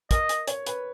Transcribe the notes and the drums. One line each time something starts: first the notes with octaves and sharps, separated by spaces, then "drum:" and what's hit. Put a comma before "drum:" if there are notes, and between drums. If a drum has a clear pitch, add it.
A#4 D#5, drum: kick, hi-hat
drum: hi-hat
C#5, drum: hi-hat
B4, drum: hi-hat